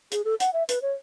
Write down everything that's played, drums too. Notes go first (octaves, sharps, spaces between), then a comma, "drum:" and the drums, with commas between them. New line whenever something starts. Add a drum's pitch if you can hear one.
G#4, drum: hi-hat
A4
F#5, drum: hi-hat
E5
B4, drum: hi-hat
C#5